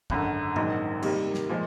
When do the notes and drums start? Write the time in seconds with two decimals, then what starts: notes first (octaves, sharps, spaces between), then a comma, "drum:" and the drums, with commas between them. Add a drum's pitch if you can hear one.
0.10 G#1 F#2 D3, drum: kick
0.56 A#1 G#2 D#3 F#3, drum: tom A#2
1.02 C3 D#3 G3 A#3, drum: cymbal
1.34 drum: snare
1.49 A#2 F3 G#3